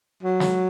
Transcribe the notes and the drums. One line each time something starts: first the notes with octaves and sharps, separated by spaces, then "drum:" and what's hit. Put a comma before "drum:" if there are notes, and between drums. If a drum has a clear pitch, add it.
F#3
drum: snare